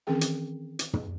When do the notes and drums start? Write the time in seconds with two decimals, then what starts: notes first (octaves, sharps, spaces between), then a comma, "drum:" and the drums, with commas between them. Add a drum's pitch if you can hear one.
0.07 D#3 E3 C4 C#4 G#4 G5
0.21 drum: hi-hat
0.79 drum: hi-hat
0.93 drum: tom